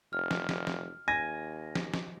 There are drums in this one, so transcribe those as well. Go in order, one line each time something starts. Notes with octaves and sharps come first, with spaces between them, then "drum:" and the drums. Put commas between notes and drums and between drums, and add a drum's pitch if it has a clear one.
F1 F6
drum: snare
drum: snare
drum: snare
D#2 G#5 A#6
drum: snare
drum: snare